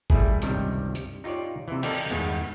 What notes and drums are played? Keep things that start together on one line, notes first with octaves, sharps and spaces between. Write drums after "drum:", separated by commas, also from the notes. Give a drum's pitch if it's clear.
G3 A3 E4 G#4, drum: kick G1
C#2 G2 C3 D#3 G3, drum: hi-hat
drum: hi-hat
D#4 F4 G4 C#5 D5
C3 E3
A4 A#4 D5 D#5 F5 G5, drum: cymbal
E2 G2 D#3 G#3 B3